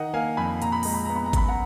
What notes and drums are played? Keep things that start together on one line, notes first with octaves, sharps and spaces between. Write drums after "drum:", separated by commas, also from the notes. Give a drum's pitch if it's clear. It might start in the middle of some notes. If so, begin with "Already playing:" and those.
Already playing: D#3 D#5 F#5
A#3 F5 G#5
F2 G#5 B5
A#2 A#5, drum: hi-hat
B5
G#3 A#5, drum: open hi-hat
B5
B3 A#5
B5
A#5
F#2 B5, drum: kick G#1, hi-hat
F#5 A#5